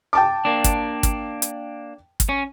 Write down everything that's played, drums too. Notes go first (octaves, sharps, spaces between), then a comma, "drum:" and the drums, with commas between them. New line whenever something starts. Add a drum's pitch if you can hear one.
G5 A5 D6
A#3 D4
drum: kick, hi-hat
drum: kick, hi-hat
drum: hi-hat
drum: kick, hi-hat
C#4